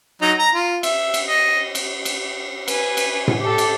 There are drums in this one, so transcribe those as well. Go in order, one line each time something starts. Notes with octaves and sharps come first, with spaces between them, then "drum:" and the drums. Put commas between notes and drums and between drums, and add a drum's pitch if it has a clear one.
F#3 D#4
A#5
F4
E5, drum: cymbal
drum: cymbal
D#5
drum: cymbal
drum: cymbal
B4 G#5, drum: cymbal
drum: cymbal
drum: tom A2
G4 A4
drum: cymbal